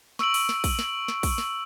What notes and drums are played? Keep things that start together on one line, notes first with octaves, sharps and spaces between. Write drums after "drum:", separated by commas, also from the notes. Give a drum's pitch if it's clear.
C#6 E6 D7 F#7, drum: snare
drum: open hi-hat
drum: snare
drum: kick A#1, open hi-hat
drum: snare
drum: snare
drum: kick A#1, open hi-hat
drum: snare